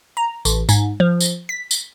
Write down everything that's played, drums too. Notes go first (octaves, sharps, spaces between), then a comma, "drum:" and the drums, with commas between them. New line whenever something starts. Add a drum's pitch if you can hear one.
A#5
A1, drum: tambourine
G#2, drum: tambourine
F3
drum: tambourine
B6
drum: tambourine